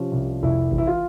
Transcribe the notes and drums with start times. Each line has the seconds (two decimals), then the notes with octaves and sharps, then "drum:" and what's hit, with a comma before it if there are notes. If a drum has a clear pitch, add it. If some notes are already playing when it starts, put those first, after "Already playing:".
Already playing: C3 F3 C#4
0.12 C2
0.42 F1 E4
0.71 E3, drum: kick A1
0.78 E4
0.87 F4